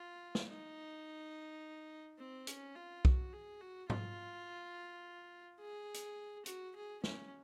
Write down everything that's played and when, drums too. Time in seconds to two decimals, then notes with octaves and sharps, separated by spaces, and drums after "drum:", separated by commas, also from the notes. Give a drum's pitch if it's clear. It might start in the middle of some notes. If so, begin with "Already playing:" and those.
Already playing: F4
0.35 drum: snare
0.48 D#4
2.19 C4
2.47 C#4, drum: hi-hat
2.76 F4
3.05 F#4, drum: kick B1
3.33 G#4
3.61 F#4
3.90 F4, drum: tom G#2
5.60 G#4
5.94 drum: hi-hat
6.46 F#4, drum: hi-hat
6.75 G#4
7.04 C#4, drum: snare